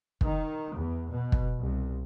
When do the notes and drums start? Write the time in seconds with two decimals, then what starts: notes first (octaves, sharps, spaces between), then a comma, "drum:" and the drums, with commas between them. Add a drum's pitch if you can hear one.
0.21 D#3, drum: kick
0.74 E2
1.09 B2
1.32 drum: kick
1.60 C2